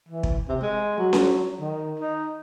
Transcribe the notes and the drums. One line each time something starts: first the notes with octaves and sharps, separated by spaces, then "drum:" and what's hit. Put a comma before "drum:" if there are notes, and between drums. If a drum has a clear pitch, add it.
E3
drum: kick
C3
G#3
F#3
drum: snare C#4
D#3
D#4